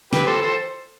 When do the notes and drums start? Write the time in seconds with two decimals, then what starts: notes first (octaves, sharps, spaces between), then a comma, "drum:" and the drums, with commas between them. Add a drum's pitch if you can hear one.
0.13 G4 B4, drum: snare
0.26 A4 C5
0.42 A4 C5